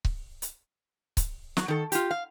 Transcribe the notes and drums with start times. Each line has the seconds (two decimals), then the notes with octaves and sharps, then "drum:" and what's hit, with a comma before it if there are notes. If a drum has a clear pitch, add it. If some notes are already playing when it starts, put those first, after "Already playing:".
0.05 drum: kick C#1
0.42 drum: hi-hat
1.17 drum: kick C#1, hi-hat
1.57 F#3, drum: snare
1.68 D#3 A4
1.92 F4 G4, drum: hi-hat
2.11 F5